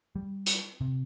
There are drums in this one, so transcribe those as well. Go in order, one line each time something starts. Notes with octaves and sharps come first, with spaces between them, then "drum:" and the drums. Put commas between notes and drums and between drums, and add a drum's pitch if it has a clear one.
G3
drum: hi-hat
C3